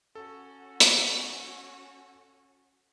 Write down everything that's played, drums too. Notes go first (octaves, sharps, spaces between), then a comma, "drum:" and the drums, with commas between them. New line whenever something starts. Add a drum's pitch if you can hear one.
C#4 F#4 A4
drum: hi-hat